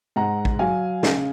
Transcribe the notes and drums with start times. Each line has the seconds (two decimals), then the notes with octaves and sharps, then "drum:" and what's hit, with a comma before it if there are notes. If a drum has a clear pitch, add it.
0.16 G#2 F#5 A#5
0.45 drum: kick A1
0.59 F#3 F5 G#5
1.03 C#3, drum: snare